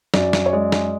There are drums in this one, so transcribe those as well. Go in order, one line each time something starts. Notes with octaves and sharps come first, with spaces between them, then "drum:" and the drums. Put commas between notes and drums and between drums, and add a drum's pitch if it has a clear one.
F#2 D5, drum: snare
drum: snare
C#5
G#3 D5
drum: snare